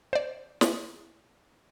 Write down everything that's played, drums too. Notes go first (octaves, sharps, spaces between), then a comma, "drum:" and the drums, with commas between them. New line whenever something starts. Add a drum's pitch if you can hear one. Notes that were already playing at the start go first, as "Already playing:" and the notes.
C5 D5
drum: snare